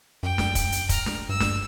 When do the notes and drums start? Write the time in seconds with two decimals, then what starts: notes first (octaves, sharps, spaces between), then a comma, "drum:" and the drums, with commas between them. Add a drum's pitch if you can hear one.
0.23 F#2 G5
0.38 drum: snare
0.55 drum: kick, hi-hat
0.72 drum: hi-hat
0.89 A#5 F6, drum: kick, hi-hat
1.06 drum: snare
1.29 G2 E6
1.40 drum: snare